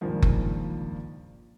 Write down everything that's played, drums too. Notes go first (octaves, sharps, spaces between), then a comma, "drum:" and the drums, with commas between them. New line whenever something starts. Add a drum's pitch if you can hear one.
C#2 G2 A#2 D#3 F3 A#3
drum: kick F#1